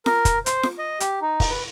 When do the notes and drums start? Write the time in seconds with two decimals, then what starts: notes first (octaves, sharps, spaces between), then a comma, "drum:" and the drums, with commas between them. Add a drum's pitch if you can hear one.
0.06 A#4, drum: snare F4
0.25 drum: kick, hi-hat
0.46 C5, drum: hi-hat
0.63 drum: snare F4
0.79 D#5
1.00 G4, drum: hi-hat
1.22 D#4
1.40 drum: kick, open hi-hat
1.50 B4